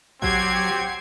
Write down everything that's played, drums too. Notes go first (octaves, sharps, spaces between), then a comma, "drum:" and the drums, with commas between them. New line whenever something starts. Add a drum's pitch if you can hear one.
F#3 C4 G4 F#5 G#6 C7, drum: kick A1